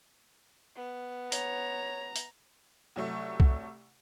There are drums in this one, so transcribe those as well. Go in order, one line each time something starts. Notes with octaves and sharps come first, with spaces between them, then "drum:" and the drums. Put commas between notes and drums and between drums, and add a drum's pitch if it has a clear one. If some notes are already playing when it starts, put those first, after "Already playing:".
B3
C#5 A#5, drum: hi-hat
drum: hi-hat
C2 F#3 A3
drum: kick